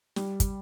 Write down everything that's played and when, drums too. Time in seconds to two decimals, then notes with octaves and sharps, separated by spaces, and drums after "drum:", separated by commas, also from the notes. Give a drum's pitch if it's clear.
0.16 G3, drum: snare
0.40 drum: kick, hi-hat